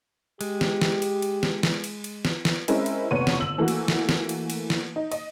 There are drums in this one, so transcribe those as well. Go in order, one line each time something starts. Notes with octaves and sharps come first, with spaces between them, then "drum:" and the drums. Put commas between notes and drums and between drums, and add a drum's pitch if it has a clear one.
G#3 G4, drum: cymbal
drum: snare
drum: snare
drum: cymbal
drum: cymbal
drum: snare
drum: snare
drum: cymbal
drum: cymbal
drum: snare
drum: snare
G#3 C4 C#4 E4 A#4 E5, drum: cymbal
drum: cymbal
F1 B3 C#5 F#5 C#6 D#7
drum: snare
G1 E6 F#7
E3 A3 A#3 F#4
drum: cymbal
drum: snare
drum: snare
drum: cymbal
drum: cymbal
drum: snare
D#4
D#5, drum: cymbal